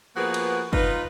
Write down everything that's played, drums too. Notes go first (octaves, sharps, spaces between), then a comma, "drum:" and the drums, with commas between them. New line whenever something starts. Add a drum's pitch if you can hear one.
F3 A#3 B3 F#4 G#4 B4
drum: cymbal
D#4 F4 B4, drum: kick